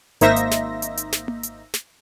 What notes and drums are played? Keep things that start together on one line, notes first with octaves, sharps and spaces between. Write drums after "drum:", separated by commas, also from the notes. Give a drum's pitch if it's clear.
G#1 A#3 D#4 C5 E5 A#6, drum: hi-hat
drum: hi-hat
drum: snare
drum: hi-hat
drum: hi-hat
drum: snare
drum: tom A#3
drum: hi-hat
drum: snare